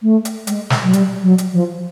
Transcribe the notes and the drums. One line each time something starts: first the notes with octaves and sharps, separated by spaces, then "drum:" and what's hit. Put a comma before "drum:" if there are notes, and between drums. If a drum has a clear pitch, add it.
A3
drum: hi-hat
G#3, drum: hi-hat
drum: snare
F#3
G3, drum: hi-hat
F#3
drum: hi-hat
F3